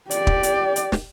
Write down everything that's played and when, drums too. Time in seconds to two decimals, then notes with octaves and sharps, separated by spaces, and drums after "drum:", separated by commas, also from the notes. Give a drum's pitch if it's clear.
0.11 G4 D5, drum: hi-hat
0.27 drum: kick
0.43 drum: hi-hat
0.76 drum: hi-hat
0.92 drum: snare